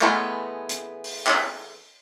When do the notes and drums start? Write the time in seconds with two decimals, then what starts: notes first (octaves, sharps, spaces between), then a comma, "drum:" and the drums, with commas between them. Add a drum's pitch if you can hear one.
0.01 E3 G#3 A3 B3, drum: clap
0.69 drum: hi-hat
1.04 drum: open hi-hat
1.27 drum: clap